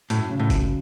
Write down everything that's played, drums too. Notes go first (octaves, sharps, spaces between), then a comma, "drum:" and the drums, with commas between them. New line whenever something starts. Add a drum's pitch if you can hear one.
F#2 A2, drum: hi-hat
C#3
A2
F#2, drum: kick F#1, hi-hat